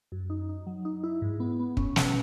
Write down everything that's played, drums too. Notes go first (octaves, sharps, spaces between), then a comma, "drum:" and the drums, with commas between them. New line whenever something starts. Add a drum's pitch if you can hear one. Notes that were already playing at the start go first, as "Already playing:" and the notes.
F#2
D#4
D#4
F#3
D#4
E4
G#2
B3
B3
C#4, drum: kick
B2, drum: snare